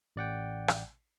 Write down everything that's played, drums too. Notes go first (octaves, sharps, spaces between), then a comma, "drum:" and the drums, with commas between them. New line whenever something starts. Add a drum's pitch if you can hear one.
A1 D5 F#5 G5
drum: rim click